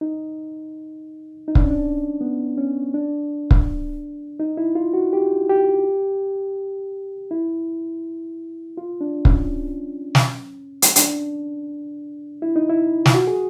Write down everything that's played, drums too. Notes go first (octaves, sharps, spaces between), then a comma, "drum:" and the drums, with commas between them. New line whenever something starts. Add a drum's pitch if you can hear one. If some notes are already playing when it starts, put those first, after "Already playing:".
D#4
D#4
D4, drum: kick
C#4
D4
B3
C#4
D4
drum: kick
D#4
E4
F4
F#4
G4
G4
E4
F4
D4
C#4, drum: kick
drum: snare
drum: hi-hat
D4, drum: hi-hat
E4
D#4
E4
F4, drum: snare
F#4
G#4